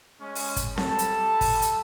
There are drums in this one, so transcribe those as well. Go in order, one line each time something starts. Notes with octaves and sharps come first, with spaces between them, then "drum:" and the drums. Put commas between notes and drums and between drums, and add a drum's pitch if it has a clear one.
G#3 C#4
drum: open hi-hat
drum: kick, hi-hat
G3 A4 A5, drum: snare C4
drum: hi-hat
drum: kick, open hi-hat
drum: hi-hat